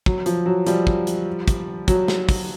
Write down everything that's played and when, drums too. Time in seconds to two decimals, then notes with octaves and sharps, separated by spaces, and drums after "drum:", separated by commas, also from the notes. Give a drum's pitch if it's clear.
0.06 F#3, drum: kick
0.26 F3, drum: hi-hat
0.46 F#3
0.67 F3 G3, drum: hi-hat
0.87 drum: kick
1.07 drum: hi-hat
1.48 drum: kick, hi-hat
1.88 F#3, drum: kick, hi-hat
2.08 drum: snare
2.29 drum: kick, open hi-hat